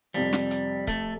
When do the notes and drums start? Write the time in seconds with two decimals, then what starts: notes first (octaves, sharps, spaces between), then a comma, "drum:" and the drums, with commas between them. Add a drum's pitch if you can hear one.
0.14 F2 C3 F3 G3, drum: hi-hat
0.33 drum: snare
0.51 drum: hi-hat
0.87 A3, drum: kick, hi-hat